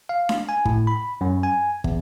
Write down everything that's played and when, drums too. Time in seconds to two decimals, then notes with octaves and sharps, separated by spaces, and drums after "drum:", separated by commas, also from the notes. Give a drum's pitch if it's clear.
0.09 F5
0.29 drum: snare D4
0.49 G#5
0.65 A2, drum: kick
0.87 B5
1.21 F#2
1.43 G#5
1.84 E2, drum: kick